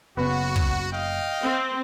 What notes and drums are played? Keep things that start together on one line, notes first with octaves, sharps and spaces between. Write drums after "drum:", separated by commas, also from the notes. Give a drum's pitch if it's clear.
F#1 C#3 B3 F#4
drum: kick
D#5 F5 G5
C4